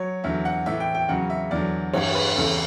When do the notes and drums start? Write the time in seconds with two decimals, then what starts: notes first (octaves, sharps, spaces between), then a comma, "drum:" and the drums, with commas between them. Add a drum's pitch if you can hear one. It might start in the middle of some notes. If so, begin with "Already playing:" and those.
Already playing: F#3 C#5
0.24 E2 D3 F#3 E5
0.45 F#5
0.66 A2 E3 E5
0.80 G5
0.95 G5
1.09 E2 C#3 F#3 F#5
1.30 E5
1.51 E2 D3 F#3 D5
1.93 G2 E3 C#5, drum: cymbal
2.15 B4
2.36 E2 C#3 E3 A4